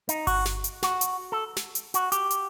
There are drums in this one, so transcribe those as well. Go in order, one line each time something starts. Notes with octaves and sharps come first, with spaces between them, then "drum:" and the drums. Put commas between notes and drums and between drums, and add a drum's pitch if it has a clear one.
D#4, drum: hi-hat
F#4, drum: kick G1, open hi-hat
drum: snare
drum: hi-hat
F#4, drum: snare
drum: hi-hat
A4
drum: snare
drum: hi-hat
F#4, drum: hi-hat
G4, drum: hi-hat
drum: hi-hat